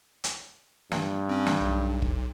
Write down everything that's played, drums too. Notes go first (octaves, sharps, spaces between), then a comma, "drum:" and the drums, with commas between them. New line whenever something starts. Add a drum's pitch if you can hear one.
drum: hi-hat
G2, drum: snare
C4 C#4
drum: snare
B1
drum: kick